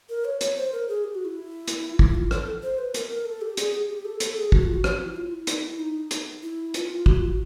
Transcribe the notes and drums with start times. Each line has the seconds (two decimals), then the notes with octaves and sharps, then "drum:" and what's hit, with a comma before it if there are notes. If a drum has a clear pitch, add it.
0.09 A#4
0.25 C#5
0.41 C#5, drum: hi-hat
0.57 C5
0.72 A#4
0.88 G#4
1.04 G4
1.15 F#4
1.25 E4
1.68 drum: hi-hat
1.99 E4, drum: kick
2.15 F4
2.31 A4, drum: rim click
2.62 C5
2.78 B4
2.94 A#4, drum: hi-hat
3.10 A#4
3.26 A4
3.41 G4
3.57 G#4, drum: hi-hat
3.73 G#4
3.89 G4
4.05 A4
4.20 A4, drum: hi-hat
4.37 G#4
4.52 F#4, drum: kick
4.63 F4
4.73 F#4
4.84 G4, drum: rim click
4.94 F#4
5.06 E4
5.16 F4
5.31 E4
5.47 D#4, drum: hi-hat
5.64 E4
5.79 D#4
6.11 drum: hi-hat
6.43 E4
6.74 F4, drum: hi-hat
7.06 F#4, drum: kick
7.16 F4
7.27 F#4